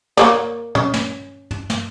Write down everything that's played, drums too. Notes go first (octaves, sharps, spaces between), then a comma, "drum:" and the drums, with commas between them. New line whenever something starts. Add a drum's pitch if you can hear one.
A#3 C#5 D5, drum: snare
C#4, drum: tom
drum: snare
drum: tom
drum: snare